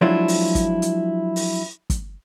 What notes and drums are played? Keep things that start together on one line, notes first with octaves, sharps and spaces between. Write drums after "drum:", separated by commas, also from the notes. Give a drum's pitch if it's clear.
F3 F#3 G#3 D4 E4 F4
drum: open hi-hat
drum: kick, hi-hat
drum: hi-hat
drum: open hi-hat
drum: kick, hi-hat